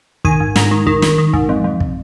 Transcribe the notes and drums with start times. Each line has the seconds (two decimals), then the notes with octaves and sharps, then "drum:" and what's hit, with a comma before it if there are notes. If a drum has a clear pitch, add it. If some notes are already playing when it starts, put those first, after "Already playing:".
0.25 D#3 G#5, drum: kick
0.40 G#2
0.56 G#2 A#5, drum: snare
0.71 D#3
0.87 D#3, drum: kick
1.02 D#3, drum: snare
1.18 D#3
1.33 G#2, drum: kick
1.49 F2
1.64 F2
1.80 drum: kick